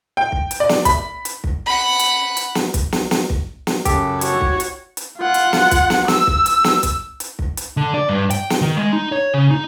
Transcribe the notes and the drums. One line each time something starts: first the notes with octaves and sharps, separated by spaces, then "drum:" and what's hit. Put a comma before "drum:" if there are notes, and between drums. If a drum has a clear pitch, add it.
G5
drum: kick
drum: hi-hat
D5
drum: snare
B5, drum: kick, hi-hat
drum: hi-hat
drum: kick
F#5 B5
drum: hi-hat
drum: hi-hat
drum: snare
drum: kick, hi-hat
drum: snare
drum: snare
drum: kick
drum: snare
F#2 C#3 G4 A4, drum: kick, hi-hat
F#4 C#5, drum: hi-hat
drum: kick
drum: hi-hat
drum: hi-hat
F4 F#5
drum: hi-hat
drum: snare
drum: kick, hi-hat
drum: snare
E6, drum: snare
drum: kick
drum: hi-hat
drum: snare
drum: kick, hi-hat
drum: hi-hat
drum: kick
drum: hi-hat
D3
D5
G2
G5, drum: hi-hat
drum: snare
D#3
G#3
D#4
C#5
C#3
D#4